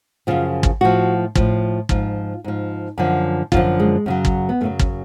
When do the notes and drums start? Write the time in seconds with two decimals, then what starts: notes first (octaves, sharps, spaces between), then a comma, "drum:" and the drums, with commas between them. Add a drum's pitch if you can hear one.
0.27 F#2 C#3 F3 F4
0.63 drum: kick
0.81 A2 F3 F#4
1.35 A2 F3, drum: kick
1.89 G#2 F3 F4, drum: kick
2.44 G#2 F3
2.98 F#2 D3 F3
3.52 F#2 D3 F3 F4, drum: kick
3.80 G#3
4.06 F#2 C#3 F#3
4.25 drum: kick
4.49 B3
4.61 F#2 C#3 F#3 A3
4.79 C#4, drum: kick